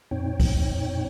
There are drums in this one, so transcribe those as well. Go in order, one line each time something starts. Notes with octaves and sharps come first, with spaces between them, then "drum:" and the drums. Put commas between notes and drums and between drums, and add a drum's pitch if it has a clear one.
F2 A#2 C4 D#4 C#5 G5
drum: kick, open hi-hat